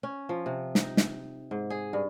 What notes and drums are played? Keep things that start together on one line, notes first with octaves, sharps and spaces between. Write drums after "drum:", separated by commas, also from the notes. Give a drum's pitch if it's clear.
C#4
F3
C3
D#4, drum: snare
drum: snare
G#2
G#4
G2